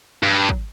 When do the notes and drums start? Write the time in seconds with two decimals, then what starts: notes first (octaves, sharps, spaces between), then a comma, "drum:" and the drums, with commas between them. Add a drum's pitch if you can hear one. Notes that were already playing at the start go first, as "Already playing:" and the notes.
0.23 G2
0.49 drum: kick